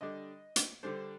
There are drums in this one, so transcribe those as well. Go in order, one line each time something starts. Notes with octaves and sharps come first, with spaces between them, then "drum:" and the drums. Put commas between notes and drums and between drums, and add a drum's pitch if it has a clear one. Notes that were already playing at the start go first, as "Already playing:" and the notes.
D3 G3 D4 D#5
drum: hi-hat
D3 G3 D4 C5